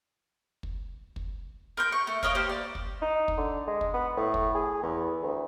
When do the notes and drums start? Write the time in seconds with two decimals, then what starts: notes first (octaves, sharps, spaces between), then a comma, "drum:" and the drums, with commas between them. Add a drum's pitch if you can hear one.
0.63 drum: kick
1.16 drum: kick
1.77 A#4 C6 G6
1.92 C#6
2.07 A3
2.23 A#4 C#5 D#5 F5, drum: kick
2.35 A#3 G4 C5
2.49 D5
2.75 drum: kick
3.02 D#4
3.28 drum: kick
3.38 D3
3.67 G#3
3.81 drum: kick
3.94 B3
4.17 A2
4.34 drum: kick
4.55 G#4
4.82 E2
5.22 D2